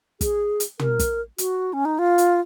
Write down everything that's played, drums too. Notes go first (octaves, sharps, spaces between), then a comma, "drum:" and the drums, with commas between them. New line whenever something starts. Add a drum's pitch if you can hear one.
G#4, drum: kick, hi-hat
drum: hi-hat
A#4, drum: tom
drum: kick, hi-hat
F#4, drum: hi-hat
C#4
D#4
F4
drum: hi-hat